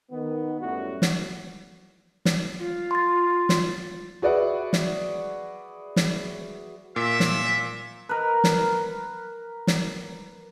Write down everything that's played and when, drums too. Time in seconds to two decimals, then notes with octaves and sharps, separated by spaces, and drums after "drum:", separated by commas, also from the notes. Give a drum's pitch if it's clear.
0.11 D#3 B3
0.61 F#2 A2 F#3 G3 E4 F#4
1.02 drum: snare
2.25 drum: snare
2.60 F4
2.91 C6 A6
3.49 drum: snare
4.22 F#4 G#4 B4 D5 E5 F#5
4.73 drum: snare
5.96 drum: snare
6.96 A#2 E5
7.20 drum: snare
8.09 A#4 B4
8.44 drum: snare
9.67 drum: snare